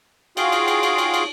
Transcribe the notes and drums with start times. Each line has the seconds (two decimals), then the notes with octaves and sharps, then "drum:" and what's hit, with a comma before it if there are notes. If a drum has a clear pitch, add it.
0.37 F4 F#4 G#4 F5 G5, drum: cymbal
0.52 drum: cymbal
0.68 drum: cymbal
0.83 drum: cymbal
0.98 drum: cymbal
1.14 drum: cymbal